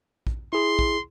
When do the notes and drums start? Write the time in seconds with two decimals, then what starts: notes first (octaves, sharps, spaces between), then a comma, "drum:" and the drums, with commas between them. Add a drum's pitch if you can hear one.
0.27 drum: kick A#1
0.53 E4 G#4 C6
0.79 drum: kick A#1